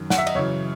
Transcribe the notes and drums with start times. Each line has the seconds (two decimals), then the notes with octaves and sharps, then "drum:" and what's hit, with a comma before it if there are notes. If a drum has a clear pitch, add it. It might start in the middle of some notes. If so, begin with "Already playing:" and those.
Already playing: F#2 D#3 F#3
0.10 F#5, drum: snare
0.18 E5
0.27 D#5, drum: cymbal
0.35 F#2 C#3 E3 C#5